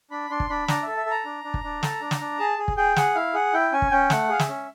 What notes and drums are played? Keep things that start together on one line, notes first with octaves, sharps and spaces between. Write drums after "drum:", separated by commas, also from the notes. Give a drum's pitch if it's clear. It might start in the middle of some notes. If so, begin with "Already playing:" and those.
D4 B5
D4 C6
drum: kick
D4 B5
D4 A#5, drum: snare
A4 E5
E5
A4 A#5
D4
D4
drum: kick
D4
A4, drum: snare
D4
drum: snare
D4
G#4 A5
G#4
drum: kick
G#4 G5
G#4 F#5, drum: snare
E4 F5
G#4 F#5
E4 G5
C#4 G#5
drum: kick
C#4 G5
A3 F#5, drum: snare
G#4 F5
E5, drum: snare
C#4